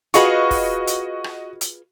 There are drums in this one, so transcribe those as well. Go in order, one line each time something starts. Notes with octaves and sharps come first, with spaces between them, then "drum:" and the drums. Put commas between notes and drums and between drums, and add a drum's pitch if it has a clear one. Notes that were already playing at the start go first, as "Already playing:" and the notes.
F4 F#4 G#4 B4 D#5 C#6, drum: hi-hat
drum: kick, open hi-hat
drum: hi-hat
drum: rim click
drum: hi-hat